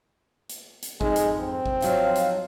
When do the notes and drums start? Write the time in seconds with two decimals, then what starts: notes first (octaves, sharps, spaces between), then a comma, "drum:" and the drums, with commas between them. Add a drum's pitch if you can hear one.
0.49 drum: hi-hat
0.82 drum: hi-hat
1.01 F2 G#3 D#4, drum: kick G#1
1.16 drum: hi-hat
1.40 C4
1.66 drum: kick G#1
1.82 F3 F#3 D#4 F5, drum: hi-hat
2.15 drum: hi-hat